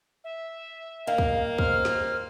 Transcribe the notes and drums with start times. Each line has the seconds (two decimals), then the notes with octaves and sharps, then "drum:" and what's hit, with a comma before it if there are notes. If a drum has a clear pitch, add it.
0.24 E5
1.07 D#3 A#3 F5
1.18 drum: kick
1.58 C5 F6, drum: kick
1.85 drum: snare